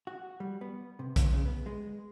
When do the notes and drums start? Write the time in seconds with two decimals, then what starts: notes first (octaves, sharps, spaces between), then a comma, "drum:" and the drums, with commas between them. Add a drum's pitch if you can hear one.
0.07 F#4
0.40 G3
0.61 B3
0.99 C3
1.16 C#2, drum: kick B1, hi-hat
1.33 C#3
1.45 B3
1.66 G#3